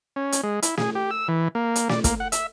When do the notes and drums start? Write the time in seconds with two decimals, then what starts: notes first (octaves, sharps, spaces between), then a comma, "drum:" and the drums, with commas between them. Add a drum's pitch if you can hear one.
0.16 C#4
0.32 drum: hi-hat
0.43 G#3
0.63 E4, drum: hi-hat
0.77 G#4, drum: snare
0.95 G4
1.11 E6
1.28 E3
1.55 A#3
1.76 drum: hi-hat
1.89 D5, drum: snare
2.04 A#3, drum: kick, hi-hat
2.20 F#5
2.32 E5, drum: hi-hat